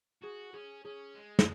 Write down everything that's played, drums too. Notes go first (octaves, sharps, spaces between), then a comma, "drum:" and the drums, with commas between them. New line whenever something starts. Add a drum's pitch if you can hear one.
F#4 G#4
C#4 G#4
C#4 G#4
G#3
drum: snare